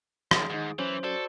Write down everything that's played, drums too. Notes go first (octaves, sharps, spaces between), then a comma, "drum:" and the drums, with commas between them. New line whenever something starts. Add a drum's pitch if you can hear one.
F#2 A2 G#4, drum: rim click
G#2 D#3 D#4
E3 F#3 C#4 C5
F#4 A4 C5 D5